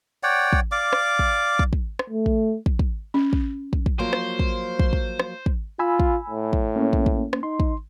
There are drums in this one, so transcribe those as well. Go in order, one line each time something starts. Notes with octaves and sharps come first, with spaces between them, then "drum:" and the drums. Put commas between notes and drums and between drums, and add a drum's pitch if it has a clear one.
C#5 D5 F#5 G5
drum: kick
D5 F5 D6
drum: rim click
drum: kick
drum: kick
drum: kick
drum: rim click
A3
drum: kick
drum: kick
drum: kick
C#4
drum: kick
drum: kick
drum: kick
F3 F#3 A#3 C5
drum: rim click
drum: kick
drum: kick
drum: kick
drum: rim click
drum: kick
F4 G#5 B5 E6
drum: kick
A2
drum: kick
A#3 C#4
drum: kick
drum: kick
drum: rim click
D#4 C6
drum: kick